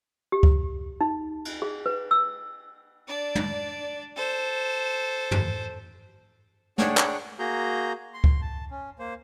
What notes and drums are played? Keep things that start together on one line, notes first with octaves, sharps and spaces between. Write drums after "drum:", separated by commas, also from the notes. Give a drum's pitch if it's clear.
G4
drum: kick C#2
D#4
drum: cymbal
G#4
B4
E6
D4 D5
drum: tom
A4 C5
drum: tom
D4 G#4 C#5 F#5 G5, drum: snare
drum: clap
A#3 F#4 G#4 A#5 G6
C6
drum: kick C#2
A5
C#4
A#3 C5